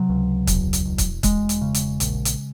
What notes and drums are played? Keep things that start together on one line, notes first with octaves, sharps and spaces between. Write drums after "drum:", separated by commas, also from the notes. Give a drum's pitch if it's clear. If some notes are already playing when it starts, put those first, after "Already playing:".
Already playing: C3 F#3
C#2
E1, drum: kick C#1, hi-hat
drum: hi-hat
E1
drum: kick C#1, hi-hat
E1 G#3, drum: kick C#1, hi-hat
drum: hi-hat
C#3
drum: hi-hat
A#1, drum: hi-hat
drum: hi-hat